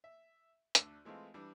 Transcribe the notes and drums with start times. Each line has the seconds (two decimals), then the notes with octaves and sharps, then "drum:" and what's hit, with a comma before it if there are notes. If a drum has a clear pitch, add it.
0.04 E5
0.75 D2 D4 E6, drum: hi-hat
1.05 E3 G#3 A3 C4 F4
1.34 E3 G3 D4